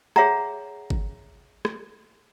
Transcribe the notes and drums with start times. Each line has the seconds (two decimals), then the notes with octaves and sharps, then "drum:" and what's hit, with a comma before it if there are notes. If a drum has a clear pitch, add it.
0.16 G#4 C#5 E5 F#5 A#5, drum: rim click
0.90 drum: kick G1
1.65 drum: rim click